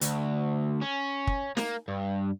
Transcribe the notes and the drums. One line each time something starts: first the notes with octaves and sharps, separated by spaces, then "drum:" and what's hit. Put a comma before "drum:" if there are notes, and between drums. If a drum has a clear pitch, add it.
D2, drum: hi-hat
C#4
drum: kick
A#3, drum: snare
G2